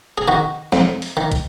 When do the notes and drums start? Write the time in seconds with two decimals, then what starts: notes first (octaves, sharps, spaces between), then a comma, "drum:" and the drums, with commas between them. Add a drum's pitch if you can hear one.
0.18 G#4
0.28 D#3 F#4
0.72 F2, drum: snare G#3
1.02 drum: open hi-hat
1.17 D#3
1.32 drum: kick, hi-hat